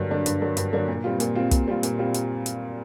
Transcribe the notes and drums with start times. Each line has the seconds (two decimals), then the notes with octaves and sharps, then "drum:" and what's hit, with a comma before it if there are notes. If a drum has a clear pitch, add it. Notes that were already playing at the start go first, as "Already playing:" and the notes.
Already playing: G2 D3 F#3 A#3 D4
0.10 D3 F#3 A#3 D4
0.26 G2, drum: hi-hat
0.41 D3 F#3 A#3 D4
0.57 G2, drum: hi-hat
0.73 D3 F#3 A#3 D4
0.88 A#2
1.04 G3 C4 F4
1.20 A#2, drum: hi-hat
1.35 G3 C4 F4
1.51 A#2, drum: kick, hi-hat
1.68 G3 C4 F4
1.83 A#2, drum: hi-hat
1.99 G3 C4 F4
2.14 drum: hi-hat
2.46 drum: hi-hat